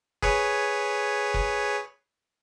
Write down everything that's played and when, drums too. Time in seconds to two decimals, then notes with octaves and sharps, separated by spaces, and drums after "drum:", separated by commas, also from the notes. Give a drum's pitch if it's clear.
0.22 G#4 B4 C#5, drum: kick F#1
1.34 drum: kick F#1